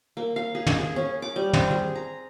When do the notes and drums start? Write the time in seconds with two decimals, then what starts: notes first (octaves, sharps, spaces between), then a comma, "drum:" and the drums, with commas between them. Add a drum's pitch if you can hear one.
0.17 A#3
0.36 F5
0.55 G#4
0.67 drum: tom
0.78 G#4
0.96 C#4
1.22 D6
1.36 G3
1.53 C4, drum: tom
1.71 G#4
1.95 A#5